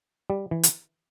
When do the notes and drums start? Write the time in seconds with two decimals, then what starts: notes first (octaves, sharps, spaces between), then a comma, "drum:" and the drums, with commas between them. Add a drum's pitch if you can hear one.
0.30 G3
0.51 E3
0.63 drum: hi-hat